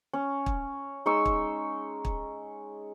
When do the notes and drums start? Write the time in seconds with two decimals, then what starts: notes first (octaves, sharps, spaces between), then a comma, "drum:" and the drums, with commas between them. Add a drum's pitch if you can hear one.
0.13 C#4
0.46 drum: kick
1.06 G#3 D#4 C#6 E6
1.25 drum: kick
2.05 drum: kick